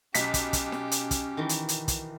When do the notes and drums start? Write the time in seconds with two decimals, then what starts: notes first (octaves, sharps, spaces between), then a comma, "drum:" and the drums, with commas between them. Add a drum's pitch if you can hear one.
0.14 B1 C#4 G4 B6, drum: hi-hat
0.34 drum: kick, hi-hat
0.53 drum: kick, hi-hat
0.72 drum: snare
0.91 drum: hi-hat
1.11 drum: kick, hi-hat
1.37 D#3 E3
1.49 drum: hi-hat
1.69 drum: hi-hat
1.88 drum: kick, hi-hat